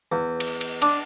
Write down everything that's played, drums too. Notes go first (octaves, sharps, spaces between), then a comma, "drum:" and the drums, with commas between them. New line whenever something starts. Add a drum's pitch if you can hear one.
E2
drum: cymbal
drum: cymbal
D4, drum: cymbal